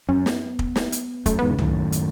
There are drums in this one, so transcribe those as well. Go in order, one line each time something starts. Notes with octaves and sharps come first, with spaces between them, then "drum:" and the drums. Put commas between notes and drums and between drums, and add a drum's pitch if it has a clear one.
F#2 C#4
B3, drum: snare
drum: kick
drum: snare
drum: hi-hat
F#2 A3, drum: kick, hi-hat
E2 G#2 B3
C#3
F#2 A2 D#3, drum: tom
drum: hi-hat